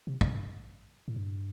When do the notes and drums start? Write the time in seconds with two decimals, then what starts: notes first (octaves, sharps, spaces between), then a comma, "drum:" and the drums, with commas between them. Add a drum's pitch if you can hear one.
0.07 C3
0.21 C3, drum: kick
0.34 G2
1.08 A2
1.16 G2